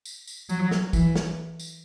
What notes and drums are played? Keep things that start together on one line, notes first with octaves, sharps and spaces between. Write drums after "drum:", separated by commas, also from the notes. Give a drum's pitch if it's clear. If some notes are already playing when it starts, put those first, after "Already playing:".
drum: tambourine
drum: tambourine
F#3, drum: tambourine
drum: snare
E3, drum: kick, tambourine
drum: snare
drum: tambourine